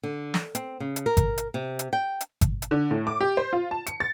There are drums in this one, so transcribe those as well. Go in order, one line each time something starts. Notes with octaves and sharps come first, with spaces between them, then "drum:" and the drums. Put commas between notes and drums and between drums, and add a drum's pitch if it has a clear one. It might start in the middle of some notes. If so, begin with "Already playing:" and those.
D3
drum: snare
C4, drum: hi-hat
C#3
drum: hi-hat
A#4
drum: kick G#1, hi-hat
drum: hi-hat
C3
drum: hi-hat
G5
drum: hi-hat
drum: kick G#1, hi-hat
drum: hi-hat
D3
A2
D6
G4
C5
F4
A5
C#7, drum: hi-hat
A6